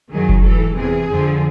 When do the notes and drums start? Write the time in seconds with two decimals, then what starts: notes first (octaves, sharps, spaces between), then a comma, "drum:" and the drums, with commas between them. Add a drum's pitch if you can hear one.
0.11 F#2 D#3 F#3 G#4
0.29 drum: kick F1
0.44 G#2 E3 A4
0.76 E2 C3 E3 G#4
1.08 F2 D3 F3